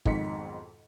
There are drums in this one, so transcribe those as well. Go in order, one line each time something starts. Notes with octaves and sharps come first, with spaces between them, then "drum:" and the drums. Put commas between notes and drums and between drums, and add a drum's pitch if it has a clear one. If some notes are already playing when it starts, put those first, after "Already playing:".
B1 F2 G#2 D#3 B6 C#7, drum: kick